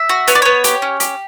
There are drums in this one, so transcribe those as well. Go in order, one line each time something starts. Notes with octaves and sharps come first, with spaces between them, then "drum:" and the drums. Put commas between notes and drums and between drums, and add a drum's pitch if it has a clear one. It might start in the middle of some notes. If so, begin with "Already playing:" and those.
Already playing: E5
F#4
B3 C#5, drum: hi-hat
D5
B3 C#5
G4, drum: hi-hat
C#4
G4, drum: hi-hat